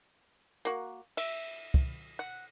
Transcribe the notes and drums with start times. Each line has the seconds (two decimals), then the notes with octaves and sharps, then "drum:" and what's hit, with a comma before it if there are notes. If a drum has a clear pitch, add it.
0.65 A#3 F#4
1.17 E5, drum: cymbal
1.74 drum: kick
2.19 F#5